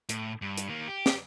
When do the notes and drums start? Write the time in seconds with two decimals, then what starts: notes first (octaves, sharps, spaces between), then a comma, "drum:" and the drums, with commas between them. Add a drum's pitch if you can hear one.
0.09 A2, drum: hi-hat
0.42 G2
0.58 drum: hi-hat
0.69 D#3 A#3
0.88 G4
1.06 drum: snare